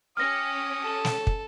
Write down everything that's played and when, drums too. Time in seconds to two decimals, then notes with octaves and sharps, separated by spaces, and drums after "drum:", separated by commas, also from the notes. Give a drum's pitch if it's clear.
0.17 C#4 G4 D#6 F6 A#6
0.82 A4
1.05 drum: snare
1.27 drum: kick